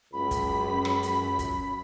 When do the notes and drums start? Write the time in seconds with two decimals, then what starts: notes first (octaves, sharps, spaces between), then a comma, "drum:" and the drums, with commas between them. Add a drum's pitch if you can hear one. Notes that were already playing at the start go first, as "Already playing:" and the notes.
0.13 C#2 F#2 B5 B6
0.31 drum: kick, hi-hat
0.85 drum: rim click
1.03 drum: hi-hat
1.39 drum: kick, hi-hat